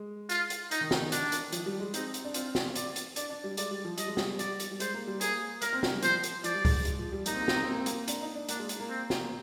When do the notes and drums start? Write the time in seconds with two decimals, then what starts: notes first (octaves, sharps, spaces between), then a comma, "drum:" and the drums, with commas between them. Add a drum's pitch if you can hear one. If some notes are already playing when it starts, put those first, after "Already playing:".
Already playing: G#3
0.29 F4, drum: hi-hat
0.50 drum: hi-hat
0.71 D#4, drum: hi-hat
0.81 D#3
0.91 D#3, drum: snare
1.01 D#3
1.12 D4, drum: hi-hat
1.32 drum: hi-hat
1.52 F3, drum: hi-hat
1.66 G3
1.80 G#3
1.94 C4 D#4, drum: hi-hat
2.14 drum: hi-hat
2.25 D4
2.34 C4 F4, drum: hi-hat
2.55 drum: snare
2.75 D5, drum: hi-hat
2.96 drum: hi-hat
3.16 D4 D5, drum: hi-hat
3.30 D4
3.44 G3
3.57 G#3 D5, drum: hi-hat
3.71 G3
3.85 F3
3.98 G3 D#5, drum: hi-hat
4.07 G#3
4.17 G3, drum: snare
4.39 D5, drum: hi-hat
4.60 drum: hi-hat
4.71 G3
4.80 G#3 C5, drum: hi-hat
4.94 A#3
5.07 G3
5.21 A#3 G#4, drum: hi-hat
5.62 A#3 A#4, drum: hi-hat
5.73 C4
5.83 D4, drum: snare
5.93 G3
6.02 F3 C5, drum: hi-hat
6.23 drum: hi-hat
6.44 F3 D5, drum: hi-hat
6.54 G3
6.65 G#3, drum: kick C#2, open hi-hat
6.85 G#3, drum: hi-hat
6.99 F3
7.12 G3
7.26 A#3 D#4, drum: hi-hat
7.33 C4
7.41 A#3
7.48 C4, drum: snare
7.56 A#3
7.64 C4
7.71 A#3
7.79 C4
7.86 A#3, drum: hi-hat
8.08 D4, drum: hi-hat
8.22 D#4
8.35 D4
8.49 A#3 D4, drum: hi-hat
8.59 G#3
8.69 drum: hi-hat
8.80 A#3
8.89 C4
9.10 drum: snare